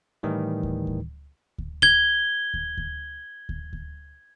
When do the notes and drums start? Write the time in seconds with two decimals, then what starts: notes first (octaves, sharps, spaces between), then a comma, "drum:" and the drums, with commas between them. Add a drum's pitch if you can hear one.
0.23 A2 D#3 E3 G3
0.63 drum: kick D2
0.87 drum: kick D2
1.58 drum: kick D2
1.82 G#6 G7, drum: kick D2
2.54 drum: kick D2
2.77 drum: kick D2
3.49 drum: kick D2
3.73 drum: kick D2